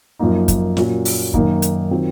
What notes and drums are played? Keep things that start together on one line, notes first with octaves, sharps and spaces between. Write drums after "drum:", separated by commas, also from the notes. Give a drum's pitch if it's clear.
F#2 F3 A#3 D#4
drum: kick, hi-hat
A#2 F#3 C#4, drum: snare
drum: open hi-hat
F#2 D#3 A#3 D#4, drum: kick
drum: hi-hat
D#3 F#3 C4 F4